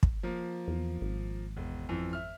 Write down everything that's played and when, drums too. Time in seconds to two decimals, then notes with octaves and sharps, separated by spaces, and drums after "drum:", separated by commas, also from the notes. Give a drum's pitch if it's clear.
0.03 drum: kick
0.23 F3 A#3
0.68 E2
1.01 G#1
1.57 E1
1.89 F2 E3
2.13 E5 F6